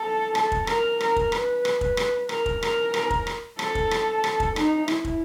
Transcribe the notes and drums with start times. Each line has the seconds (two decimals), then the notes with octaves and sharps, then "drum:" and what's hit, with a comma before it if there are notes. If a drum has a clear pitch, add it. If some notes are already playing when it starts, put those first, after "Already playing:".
Already playing: A4
0.35 A4, drum: rim click
0.52 drum: kick
0.67 A#4, drum: rim click
1.01 A#4, drum: rim click
1.16 drum: kick
1.32 B4, drum: rim click
1.65 drum: rim click
1.81 drum: kick
1.97 drum: rim click
2.29 A#4, drum: rim click
2.46 drum: kick
2.63 A#4, drum: rim click
2.94 A#4, drum: rim click
3.10 drum: kick
3.27 drum: rim click
3.59 A4, drum: rim click
3.75 drum: kick
3.91 drum: rim click
4.24 drum: rim click
4.40 drum: kick
4.56 D#4, drum: rim click
4.88 E4, drum: rim click
5.05 drum: kick